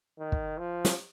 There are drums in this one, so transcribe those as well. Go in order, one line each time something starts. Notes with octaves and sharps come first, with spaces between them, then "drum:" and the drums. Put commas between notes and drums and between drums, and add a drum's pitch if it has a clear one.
D#3
drum: kick
F3
drum: snare